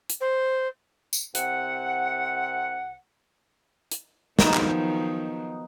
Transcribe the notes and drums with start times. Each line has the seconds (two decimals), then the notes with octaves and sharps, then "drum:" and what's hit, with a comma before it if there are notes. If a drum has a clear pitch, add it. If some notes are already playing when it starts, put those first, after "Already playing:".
0.10 drum: hi-hat
0.20 C5
1.13 drum: tambourine
1.35 C2 C3 C4 F#5, drum: hi-hat
3.91 drum: hi-hat
4.39 D#3 F3 F#3 B3 D#4, drum: snare
4.54 drum: clap